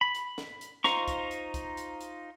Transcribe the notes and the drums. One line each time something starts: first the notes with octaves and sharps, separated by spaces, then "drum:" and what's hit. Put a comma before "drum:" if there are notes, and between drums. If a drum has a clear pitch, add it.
B5
drum: hi-hat
drum: snare
drum: hi-hat
D#4 F4 C5 A#5 C#6, drum: snare
drum: kick C2, hi-hat
drum: hi-hat
drum: kick C2, hi-hat
drum: hi-hat
drum: hi-hat